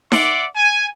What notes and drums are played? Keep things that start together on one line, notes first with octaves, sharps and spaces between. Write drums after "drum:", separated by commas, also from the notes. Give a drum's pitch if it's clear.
D5 E5 F#5 C6 D6, drum: snare D#4
G#5